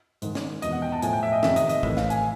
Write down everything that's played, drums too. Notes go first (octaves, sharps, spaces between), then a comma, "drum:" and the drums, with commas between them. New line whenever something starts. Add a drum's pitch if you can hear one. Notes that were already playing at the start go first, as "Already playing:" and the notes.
G#2 D#3, drum: hi-hat
drum: snare
E2 B2 D#5, drum: hi-hat
F#5
G5
A5
A2 F3 G#5, drum: hi-hat
G5
E5
D#5
F2 C3 D#3 E5, drum: snare
D#5, drum: hi-hat
D#5, drum: hi-hat
A2 E3 E5, drum: kick
F5, drum: snare
G#5, drum: hi-hat